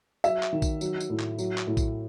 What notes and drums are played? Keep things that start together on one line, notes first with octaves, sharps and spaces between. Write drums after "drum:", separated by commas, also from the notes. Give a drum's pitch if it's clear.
F#3 E5, drum: tambourine
drum: clap
D#3
drum: kick A#1, tambourine
F#3, drum: tambourine
drum: tambourine
A2
drum: clap
F#3, drum: tambourine
drum: clap
A2
drum: kick A#1, tambourine